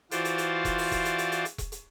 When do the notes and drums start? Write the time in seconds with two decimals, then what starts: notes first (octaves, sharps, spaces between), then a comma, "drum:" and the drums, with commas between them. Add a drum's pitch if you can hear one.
0.11 E3 F4 F#4 C5 D5, drum: hi-hat
0.25 drum: hi-hat
0.38 drum: hi-hat
0.65 drum: kick E1, hi-hat
0.78 drum: open hi-hat
0.92 drum: kick E1, hi-hat
1.05 drum: hi-hat
1.18 drum: hi-hat
1.32 drum: hi-hat
1.45 drum: hi-hat
1.58 drum: kick E1, hi-hat
1.72 drum: hi-hat